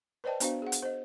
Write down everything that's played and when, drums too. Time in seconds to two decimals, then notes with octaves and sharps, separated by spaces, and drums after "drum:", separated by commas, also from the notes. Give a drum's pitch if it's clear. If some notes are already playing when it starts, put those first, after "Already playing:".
0.24 B4 C5 D5 D#5 G5 A5
0.40 B3 D4 F#4 C5 F5, drum: hi-hat
0.62 G#4 F#5
0.72 drum: hi-hat
0.82 C5 D#5